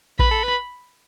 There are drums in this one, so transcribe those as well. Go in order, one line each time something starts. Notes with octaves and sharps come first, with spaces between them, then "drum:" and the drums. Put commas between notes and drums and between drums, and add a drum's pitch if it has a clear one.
B4 B5, drum: kick A#1
A4
B4